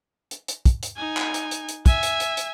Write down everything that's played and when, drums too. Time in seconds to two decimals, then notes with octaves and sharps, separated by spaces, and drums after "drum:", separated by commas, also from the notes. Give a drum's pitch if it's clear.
0.31 drum: hi-hat
0.48 drum: hi-hat
0.66 drum: kick, hi-hat
0.83 drum: hi-hat
0.97 D#4 G#5
1.17 drum: clap
1.34 drum: hi-hat
1.51 drum: hi-hat
1.69 drum: hi-hat
1.86 E5 G#5, drum: kick, hi-hat
2.03 drum: hi-hat
2.20 drum: hi-hat
2.37 drum: hi-hat